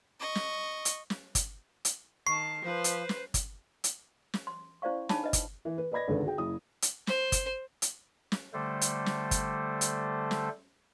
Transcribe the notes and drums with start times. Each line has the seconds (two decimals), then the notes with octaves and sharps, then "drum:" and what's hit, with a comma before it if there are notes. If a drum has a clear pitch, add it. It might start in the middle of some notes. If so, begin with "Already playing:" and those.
0.20 D#5 C#6
0.35 drum: snare
0.85 drum: hi-hat
1.10 drum: snare
1.35 drum: kick G1, hi-hat
1.85 drum: hi-hat
2.27 D#3 A5 C#6 C7
2.63 F3 B4 C5
2.84 drum: hi-hat
3.09 drum: snare
3.34 drum: kick G1, hi-hat
3.84 drum: hi-hat
4.34 drum: snare
4.47 C6
4.82 C#4 E4 C5 D5 F5 C#6
5.09 D4 D#4 G#4 C#5 A5 B5, drum: snare
5.24 B4 D#5
5.33 drum: kick G1, hi-hat
5.65 E3
5.78 B4
5.92 B4 D5 D#5 B5 G#6 A#6
6.08 G#1 C#2 D3 A4 B4
6.24 F#4 G#4 G5
6.38 F#1 E4 D#6
6.82 drum: hi-hat
7.07 C5, drum: snare
7.32 drum: kick G1, hi-hat
7.82 drum: hi-hat
8.32 drum: snare
8.54 D3 G3 A3 A4 C5
8.81 drum: hi-hat
9.06 drum: snare
9.31 drum: kick G1, hi-hat
9.81 drum: hi-hat
10.31 drum: snare